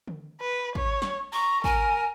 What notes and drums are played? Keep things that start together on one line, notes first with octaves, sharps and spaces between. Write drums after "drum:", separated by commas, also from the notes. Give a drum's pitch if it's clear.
drum: tom D3
B4
C#5, drum: kick
drum: snare
A#5 C#6
A#4 G#5, drum: kick